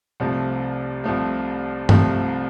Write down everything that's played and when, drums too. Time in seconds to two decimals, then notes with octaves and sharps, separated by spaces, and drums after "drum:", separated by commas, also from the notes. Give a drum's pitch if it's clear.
0.20 C2 C3 F3 A3
1.04 C2 C3 F3 A3
1.89 C2 C3 F3 A3, drum: tom G2